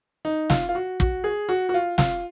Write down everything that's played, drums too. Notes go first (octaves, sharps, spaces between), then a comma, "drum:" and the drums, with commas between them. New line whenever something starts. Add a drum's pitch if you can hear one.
D#4
F4, drum: snare
F4
F#4
F#4, drum: kick
G#4
F#4
F#4
F4
F4, drum: snare